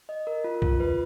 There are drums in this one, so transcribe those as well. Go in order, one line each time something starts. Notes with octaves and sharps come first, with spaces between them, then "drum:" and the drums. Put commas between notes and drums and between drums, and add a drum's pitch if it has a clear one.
D#5
A#4
F4
F4, drum: kick
B4